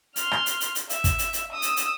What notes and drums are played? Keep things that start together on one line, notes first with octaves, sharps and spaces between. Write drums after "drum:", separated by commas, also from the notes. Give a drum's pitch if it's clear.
C6 F6, drum: hi-hat
drum: rim click
drum: hi-hat
drum: hi-hat
drum: hi-hat
E5, drum: hi-hat
drum: kick, hi-hat
drum: hi-hat
drum: hi-hat
D#6 E6
drum: hi-hat
drum: hi-hat